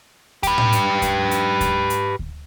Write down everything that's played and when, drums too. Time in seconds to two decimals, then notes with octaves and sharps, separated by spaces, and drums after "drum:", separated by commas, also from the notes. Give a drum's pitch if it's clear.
0.43 G4 B4, drum: kick D2, hi-hat
0.58 drum: tom A2
0.72 drum: hi-hat
1.02 drum: kick D2, hi-hat
1.31 drum: hi-hat
1.61 drum: kick D2, hi-hat
1.90 drum: hi-hat
2.19 drum: kick D2